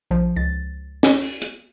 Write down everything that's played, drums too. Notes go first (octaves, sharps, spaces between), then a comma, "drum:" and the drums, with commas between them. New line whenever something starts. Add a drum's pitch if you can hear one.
A#1 F3
C#2 A6
drum: snare
drum: open hi-hat
drum: hi-hat